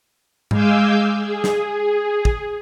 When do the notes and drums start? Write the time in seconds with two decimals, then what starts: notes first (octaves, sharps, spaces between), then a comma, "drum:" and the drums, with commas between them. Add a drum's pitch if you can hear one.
0.51 G#3 F5 G#5 D6 E6 G6, drum: tom G#2
1.18 G#4
1.44 drum: snare
2.25 drum: kick